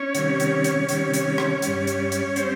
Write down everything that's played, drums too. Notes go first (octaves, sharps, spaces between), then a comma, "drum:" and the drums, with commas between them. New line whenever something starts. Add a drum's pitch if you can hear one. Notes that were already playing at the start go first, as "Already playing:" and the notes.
Already playing: C#4 C#5
C3 D#3 G3, drum: hi-hat
drum: hi-hat
drum: hi-hat
C3 D#3 G3 C#4 C#5, drum: hi-hat
drum: hi-hat
drum: rim click
G2 G3, drum: hi-hat
drum: hi-hat
drum: hi-hat
G3 C4 C5, drum: hi-hat